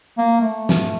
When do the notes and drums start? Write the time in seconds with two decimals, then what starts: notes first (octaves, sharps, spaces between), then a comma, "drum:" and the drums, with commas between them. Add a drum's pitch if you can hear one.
0.18 A#3
0.41 A3
0.69 drum: snare